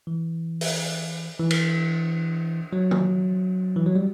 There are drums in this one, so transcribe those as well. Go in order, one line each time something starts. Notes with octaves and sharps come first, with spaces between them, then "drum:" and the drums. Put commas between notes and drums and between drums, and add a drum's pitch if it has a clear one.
E3
drum: open hi-hat
E3
drum: cymbal
F#3
drum: tom D#3
E3
F#3
G3